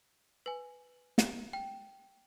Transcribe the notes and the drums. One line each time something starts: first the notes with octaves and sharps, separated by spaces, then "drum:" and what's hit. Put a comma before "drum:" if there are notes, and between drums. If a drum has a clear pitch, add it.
B4 G#5
drum: snare
G5